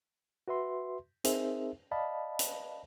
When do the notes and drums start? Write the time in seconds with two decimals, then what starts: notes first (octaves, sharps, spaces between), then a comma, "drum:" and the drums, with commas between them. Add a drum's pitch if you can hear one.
0.48 F#4 B4 E5 C6
1.24 C4 D#4 G#4 A#4 C5 E5, drum: hi-hat
1.91 D5 D#5 F5 A5 B5
2.39 drum: hi-hat